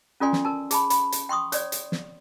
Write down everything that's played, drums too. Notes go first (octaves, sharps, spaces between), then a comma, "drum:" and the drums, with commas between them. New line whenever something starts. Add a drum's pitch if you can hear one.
C#4 F4 A4 D5 G#5 C6
drum: snare
A#4 A5
G#4 A5 B5, drum: hi-hat
B5, drum: hi-hat
drum: hi-hat
G5 C6 C#6 D#6
C#5 D5, drum: hi-hat
drum: hi-hat
drum: snare